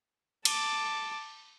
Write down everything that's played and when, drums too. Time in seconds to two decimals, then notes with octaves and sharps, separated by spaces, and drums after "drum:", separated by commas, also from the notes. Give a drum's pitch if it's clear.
0.45 A5 D6, drum: cymbal